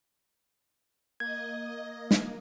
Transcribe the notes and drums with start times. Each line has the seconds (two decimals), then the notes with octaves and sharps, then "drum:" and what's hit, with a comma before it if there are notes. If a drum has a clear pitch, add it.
1.20 A#3 D#5 G#6
2.11 drum: snare